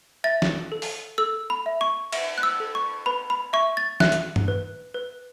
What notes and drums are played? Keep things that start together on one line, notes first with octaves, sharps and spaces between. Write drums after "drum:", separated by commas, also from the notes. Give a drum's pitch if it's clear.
E5 A6
drum: snare
A4
drum: open hi-hat
A4 E6
B5
E5
C#6
E5, drum: cymbal
F#6
E6
A4
C#6
B4 B5
B5
E5 C#6
A6
E5 F#6, drum: snare
drum: hi-hat
drum: tom G2
B4
B4